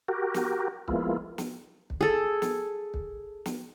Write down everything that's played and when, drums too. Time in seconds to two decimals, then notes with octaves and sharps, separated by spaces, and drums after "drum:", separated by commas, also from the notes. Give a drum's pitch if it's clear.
0.08 F#4 G4 A#4
0.34 drum: snare
0.88 F3 G#3 A#3 B3 E4 F4, drum: kick
1.38 drum: snare
1.90 drum: kick
2.01 G#4 A4
2.42 drum: snare
2.94 drum: kick
3.46 drum: snare